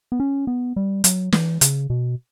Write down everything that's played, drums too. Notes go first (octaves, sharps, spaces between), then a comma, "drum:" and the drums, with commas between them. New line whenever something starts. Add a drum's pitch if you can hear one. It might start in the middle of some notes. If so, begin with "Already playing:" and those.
B3
C#4
B3
G3
F#3, drum: hi-hat
E3, drum: snare
C#3, drum: hi-hat
B2